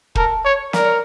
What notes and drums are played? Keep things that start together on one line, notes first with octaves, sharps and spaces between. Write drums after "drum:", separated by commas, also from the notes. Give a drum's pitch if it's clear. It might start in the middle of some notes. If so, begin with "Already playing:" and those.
A4 A#4, drum: kick
C#5
A#4 D5, drum: snare
C#5